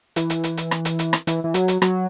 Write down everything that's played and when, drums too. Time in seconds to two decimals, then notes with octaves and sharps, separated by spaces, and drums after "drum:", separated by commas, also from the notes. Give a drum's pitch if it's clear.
0.16 E3, drum: hi-hat
0.30 drum: hi-hat
0.44 drum: hi-hat
0.57 drum: hi-hat
0.71 drum: rim click
0.85 drum: hi-hat
0.99 drum: hi-hat
1.13 drum: rim click
1.27 E3, drum: hi-hat
1.44 E3
1.54 F#3, drum: hi-hat
1.68 drum: hi-hat
1.82 F#3, drum: rim click